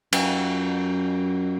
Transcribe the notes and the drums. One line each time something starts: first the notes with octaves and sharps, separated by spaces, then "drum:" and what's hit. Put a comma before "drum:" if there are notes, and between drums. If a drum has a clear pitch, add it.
F#2, drum: cymbal